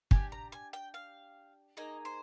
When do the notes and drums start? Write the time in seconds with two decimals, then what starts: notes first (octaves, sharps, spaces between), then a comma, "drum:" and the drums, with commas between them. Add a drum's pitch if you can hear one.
0.11 D4 G4 G#5, drum: kick
0.32 A#5
0.52 G#5
0.73 G5
0.94 F5
1.77 A#3 D#4 G#4 D#5
2.05 C5